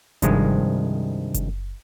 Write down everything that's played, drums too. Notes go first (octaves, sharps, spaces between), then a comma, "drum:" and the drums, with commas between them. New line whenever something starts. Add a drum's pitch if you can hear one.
C2 G2 D#3 F3 G#3, drum: kick F#1, hi-hat
drum: kick F#1, hi-hat